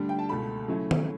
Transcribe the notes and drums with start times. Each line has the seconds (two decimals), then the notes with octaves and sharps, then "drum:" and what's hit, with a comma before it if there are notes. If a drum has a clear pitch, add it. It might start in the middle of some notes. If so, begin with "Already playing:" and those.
Already playing: D2 D3 G3 D4
0.09 G5
0.19 A5
0.29 C#2 B2 A3 B5
0.68 C#3 F#3 A3 C#4 E4
0.91 drum: tom